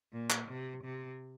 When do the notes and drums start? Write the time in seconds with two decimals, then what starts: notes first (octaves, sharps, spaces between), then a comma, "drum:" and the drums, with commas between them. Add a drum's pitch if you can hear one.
0.13 A#2
0.30 drum: clap
0.48 C3
0.84 C3